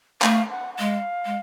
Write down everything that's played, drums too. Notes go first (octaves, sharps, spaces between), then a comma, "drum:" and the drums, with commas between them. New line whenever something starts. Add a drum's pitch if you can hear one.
A3 F5, drum: clap
F#5
F#5
G#3 F5
G#3